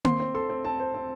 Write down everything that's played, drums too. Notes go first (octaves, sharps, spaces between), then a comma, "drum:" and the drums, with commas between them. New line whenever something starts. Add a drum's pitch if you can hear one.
C4 C6, drum: tom A#3
C4
A4 C6
C4
C4 A5
C5
C4